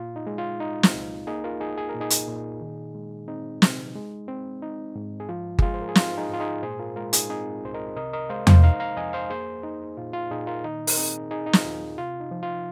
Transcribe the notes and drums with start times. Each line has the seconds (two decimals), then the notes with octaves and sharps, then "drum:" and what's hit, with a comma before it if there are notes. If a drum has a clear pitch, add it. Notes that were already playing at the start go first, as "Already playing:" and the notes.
Already playing: A#2 F4
0.16 D#4
0.27 G#3
0.38 F4
0.60 D#4
0.83 drum: snare
0.94 C2
1.27 A#3 D#4 G#4
1.44 F4 A#4
1.60 D#4 G#4
1.78 G#4
1.89 A#2 A#4
2.01 D#4 G#4
2.10 drum: hi-hat
2.28 A#2
2.61 D#3
2.95 G#3
3.28 C4 D#4
3.62 C3, drum: snare
3.95 G#3
4.28 C4
4.62 D#4
4.96 G#2
5.20 G#4
5.29 F3 F4
5.59 G#4, drum: kick G1
5.62 G#3 F4
5.74 C5
5.81 A#4
5.89 G#4
5.95 D#4 F4, drum: snare
6.18 D#4 G#4
6.29 G#2 F4
6.40 D#4 G#4
6.62 A#2 G#4 C5
6.79 F4 A#4
6.96 G#3 F4 A#4
7.13 D#4 G#4, drum: hi-hat
7.29 C4 D#4 G#4
7.63 C2 C5
7.74 A#4 D#5
7.96 C3 A#4 D#5
8.13 A#4 D#5
8.29 G#3 C5 F5
8.47 C5 F5, drum: tom E2
8.63 D#4 F5 A#5
8.80 F5 A#5
8.97 F2 D#5 G#5
9.13 C5 F5
9.30 A#3 G#4 C5
9.63 D#4
9.97 A#2 F4
10.13 F4
10.30 A#2 D#4 G#4
10.47 F4 A#4
10.64 D#3 D#4
10.87 A#4, drum: open hi-hat
10.97 C4 D#4 G#4
11.31 D#4 G#4
11.46 D#4
11.53 F4, drum: snare
11.65 D#2
11.98 C3 F4
12.20 D#4
12.31 F3
12.43 F4